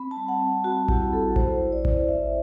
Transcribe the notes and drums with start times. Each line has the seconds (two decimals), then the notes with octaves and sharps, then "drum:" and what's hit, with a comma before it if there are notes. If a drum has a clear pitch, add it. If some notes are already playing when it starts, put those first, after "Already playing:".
Already playing: C4 B5
0.11 G3 A5
0.28 F#5
0.40 C4
0.64 G3 F#4
0.89 E4 G4, drum: kick A1
1.12 E4 A4
1.36 E4 C5, drum: kick A1
1.60 E4
1.72 D5
1.85 E4, drum: kick A1
2.08 E4 E5